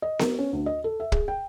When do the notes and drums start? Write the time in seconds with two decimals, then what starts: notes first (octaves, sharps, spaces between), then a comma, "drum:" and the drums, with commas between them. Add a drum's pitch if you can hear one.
0.02 D#5
0.19 A#4, drum: snare B3
0.39 C#4
0.53 D2
0.66 D#5
0.84 A4
1.00 E5
1.12 G#4, drum: kick
1.28 G5